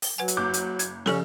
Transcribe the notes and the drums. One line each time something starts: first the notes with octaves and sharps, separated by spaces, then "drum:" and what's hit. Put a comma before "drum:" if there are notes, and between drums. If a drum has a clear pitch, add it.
drum: open hi-hat
F#3 B4 F#5 G#5
drum: hi-hat
F#1 D6 G6
drum: hi-hat
G#6, drum: hi-hat
C#3 F3 C#4 G4 A4, drum: snare